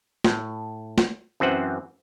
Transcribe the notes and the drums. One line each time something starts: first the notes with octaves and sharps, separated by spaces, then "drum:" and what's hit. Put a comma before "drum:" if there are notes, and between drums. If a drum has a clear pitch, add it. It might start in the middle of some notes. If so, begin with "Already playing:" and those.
A2, drum: snare
drum: snare
F#2 E3 C4 C5 F#5